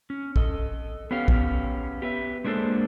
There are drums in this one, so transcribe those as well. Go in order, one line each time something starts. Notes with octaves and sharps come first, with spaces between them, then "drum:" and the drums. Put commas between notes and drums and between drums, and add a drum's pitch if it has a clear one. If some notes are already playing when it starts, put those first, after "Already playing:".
C#4
A4 D#5, drum: kick
B3 C#4 G4 F5
drum: kick
G4 B4 E5
G#3 A#3 D4 G#4 A4 C5